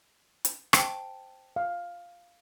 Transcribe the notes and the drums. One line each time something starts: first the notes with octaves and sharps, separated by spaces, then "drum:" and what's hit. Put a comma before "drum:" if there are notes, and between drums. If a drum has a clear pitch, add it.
drum: hi-hat
C5 G5 A5, drum: rim click
F5